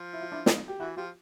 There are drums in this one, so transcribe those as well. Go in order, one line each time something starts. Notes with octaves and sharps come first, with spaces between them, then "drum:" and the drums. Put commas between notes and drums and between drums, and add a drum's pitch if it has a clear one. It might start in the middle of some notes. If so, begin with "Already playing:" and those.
Already playing: F3
E4
F4
D4 E4
D#4 F4, drum: snare
G4
E3 E4 F#4
F3 F4 G4